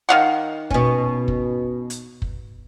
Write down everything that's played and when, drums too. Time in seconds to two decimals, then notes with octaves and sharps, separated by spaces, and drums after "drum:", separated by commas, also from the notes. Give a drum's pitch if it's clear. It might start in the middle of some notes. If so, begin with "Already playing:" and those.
0.09 D#3 F5 F#5
0.71 B2 C#4, drum: kick
1.28 drum: kick
1.90 drum: hi-hat
2.22 drum: kick